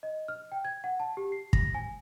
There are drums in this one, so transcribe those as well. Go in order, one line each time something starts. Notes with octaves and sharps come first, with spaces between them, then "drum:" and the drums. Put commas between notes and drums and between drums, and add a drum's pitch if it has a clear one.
D#5
F6
G5
G#6
F#5
A5
G4
C7
A#6, drum: kick
G#5